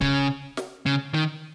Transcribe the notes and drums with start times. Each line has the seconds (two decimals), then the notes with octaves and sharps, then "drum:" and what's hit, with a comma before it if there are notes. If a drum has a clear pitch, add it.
0.01 C#3, drum: kick
0.57 drum: snare
0.86 C#3
1.14 D#3